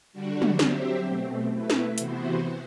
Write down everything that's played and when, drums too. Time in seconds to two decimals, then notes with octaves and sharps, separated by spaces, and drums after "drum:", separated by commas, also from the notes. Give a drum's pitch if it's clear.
0.13 D3 G3 D4 F#4
0.42 drum: tom
0.59 F#3 C4 G4 C5 E5, drum: snare
1.06 B2 A3 C4
1.52 A3 E4 B4
1.70 drum: snare
1.98 C3 E3 B3 F#4 C5, drum: hi-hat